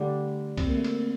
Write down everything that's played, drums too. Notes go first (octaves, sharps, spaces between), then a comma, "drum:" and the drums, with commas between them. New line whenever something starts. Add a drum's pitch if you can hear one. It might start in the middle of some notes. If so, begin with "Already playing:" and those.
Already playing: D3 G3 A3 D4
C4, drum: kick, cymbal
A#3
A3
A#3, drum: cymbal